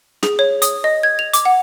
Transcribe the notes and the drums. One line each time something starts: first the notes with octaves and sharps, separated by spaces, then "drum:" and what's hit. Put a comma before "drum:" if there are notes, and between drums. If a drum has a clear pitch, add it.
G#4, drum: snare
C#5
D#6, drum: hi-hat
D#5
G#6
F7
D6, drum: hi-hat
F#5